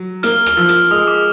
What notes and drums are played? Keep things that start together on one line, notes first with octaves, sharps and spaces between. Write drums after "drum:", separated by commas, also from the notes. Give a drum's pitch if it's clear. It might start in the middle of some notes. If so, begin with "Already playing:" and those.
Already playing: F#3
A#3 F6, drum: hi-hat
drum: rim click
F3 E6
drum: hi-hat
G#3 D#6
D6